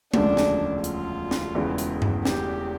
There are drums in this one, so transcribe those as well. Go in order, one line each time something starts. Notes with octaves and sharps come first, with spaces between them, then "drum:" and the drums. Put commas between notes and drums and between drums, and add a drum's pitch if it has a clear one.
E1 D2 C#3 F3 D4, drum: tom G#3
drum: snare
F4, drum: hi-hat
drum: snare
E1 E2 C#3 E3
drum: hi-hat
drum: tom G2
G4, drum: snare